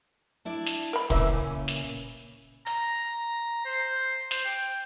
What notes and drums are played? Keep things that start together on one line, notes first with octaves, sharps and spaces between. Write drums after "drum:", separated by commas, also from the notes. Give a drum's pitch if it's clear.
D4 E4 D5
drum: snare
A#4 B5
A#2 C#3 E3 A#3 C#4 E5, drum: kick
drum: snare
A#5, drum: hi-hat
C5
C5, drum: snare
G5